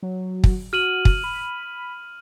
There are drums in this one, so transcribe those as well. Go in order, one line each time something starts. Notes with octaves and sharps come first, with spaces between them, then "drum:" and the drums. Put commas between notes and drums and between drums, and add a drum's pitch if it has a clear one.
F#3
drum: kick
F#4 F6 D#7 F#7
drum: kick
B5